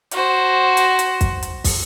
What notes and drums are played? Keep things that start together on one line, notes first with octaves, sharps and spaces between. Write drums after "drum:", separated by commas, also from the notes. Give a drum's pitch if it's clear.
F#4 C5, drum: hi-hat
drum: hi-hat
drum: hi-hat
drum: kick, hi-hat
drum: hi-hat
drum: kick, open hi-hat